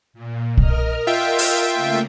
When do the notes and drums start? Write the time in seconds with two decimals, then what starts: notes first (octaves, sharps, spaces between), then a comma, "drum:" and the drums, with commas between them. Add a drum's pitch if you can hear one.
0.14 A#2
0.57 A#4 D#5 F6, drum: kick
1.07 F4 E5 G5
1.39 drum: open hi-hat
1.74 C#3 A3 A#3